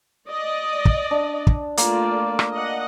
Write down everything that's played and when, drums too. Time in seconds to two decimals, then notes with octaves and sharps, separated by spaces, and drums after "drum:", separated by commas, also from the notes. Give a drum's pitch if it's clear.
0.28 D5 D#5
0.85 drum: kick
1.11 D4
1.47 drum: kick
1.77 A3 A#3 F4 D5, drum: hi-hat
2.39 drum: rim click
2.52 D#5 F#5